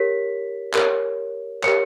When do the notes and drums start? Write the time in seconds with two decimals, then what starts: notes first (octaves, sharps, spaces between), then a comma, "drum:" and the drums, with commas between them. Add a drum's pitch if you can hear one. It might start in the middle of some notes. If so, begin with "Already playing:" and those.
Already playing: G4 A#4 C#5 B6
0.74 G4 A#4 C#5, drum: clap
1.64 G4 A#4 C#5 C#7, drum: clap